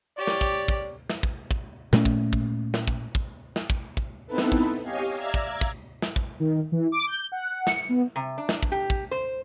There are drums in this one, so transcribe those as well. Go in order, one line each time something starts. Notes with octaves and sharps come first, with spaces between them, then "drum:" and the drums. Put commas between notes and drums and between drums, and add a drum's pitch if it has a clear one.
G4 C#5 D5
drum: snare
drum: kick
drum: kick
drum: snare
drum: kick
drum: kick
A#2 A3 A#3 C#4, drum: snare
drum: kick
drum: kick
drum: snare
drum: kick
drum: kick
drum: snare
drum: kick
drum: kick
B3 C4 D#4 E4 A4 B4
drum: snare
drum: kick
G4 C#5 D#5 F5 G#5
D5 E5 F5 A#5 E6 G#6
drum: kick
drum: kick
drum: snare
drum: kick
D#3
E3
D6
G6
F#5
C#7, drum: snare
B3
C3
D4
drum: snare
drum: kick
G4
drum: kick
C5